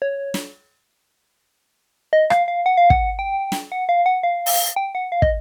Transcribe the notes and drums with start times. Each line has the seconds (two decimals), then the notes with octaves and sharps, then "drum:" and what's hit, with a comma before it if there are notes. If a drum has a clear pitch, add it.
0.02 C#5
0.34 drum: snare
2.13 D#5
2.30 F5, drum: rim click
2.48 F5
2.66 F#5
2.77 F5
2.90 F#5, drum: kick
3.19 G5
3.52 drum: snare
3.72 F#5
3.89 F5
4.06 F#5
4.23 F5
4.46 drum: open hi-hat
4.76 G5
4.95 F#5
5.12 F5
5.22 D#5, drum: kick